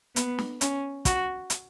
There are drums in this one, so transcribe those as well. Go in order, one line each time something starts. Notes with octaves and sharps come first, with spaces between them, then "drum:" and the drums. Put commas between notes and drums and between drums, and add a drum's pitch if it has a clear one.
B3, drum: hi-hat
drum: snare
C#4, drum: hi-hat
F#4, drum: kick, hi-hat
drum: hi-hat